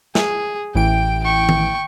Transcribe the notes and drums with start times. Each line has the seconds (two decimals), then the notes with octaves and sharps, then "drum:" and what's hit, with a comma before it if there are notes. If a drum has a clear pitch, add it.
0.15 G#4, drum: snare
0.75 A1 E3 G5 D7
1.24 G5 C#6
1.49 drum: tom D#3